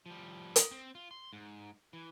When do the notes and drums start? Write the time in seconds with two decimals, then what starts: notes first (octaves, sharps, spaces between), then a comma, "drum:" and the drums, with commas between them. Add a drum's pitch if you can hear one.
0.06 F3 G3
0.56 drum: hi-hat
0.71 C4
0.95 F4
1.11 C6
1.33 G#2
1.93 E3